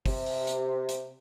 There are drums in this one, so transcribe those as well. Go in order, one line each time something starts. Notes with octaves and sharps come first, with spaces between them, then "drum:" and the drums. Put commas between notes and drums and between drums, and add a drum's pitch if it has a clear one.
C3, drum: kick, open hi-hat
drum: open hi-hat
drum: hi-hat
drum: hi-hat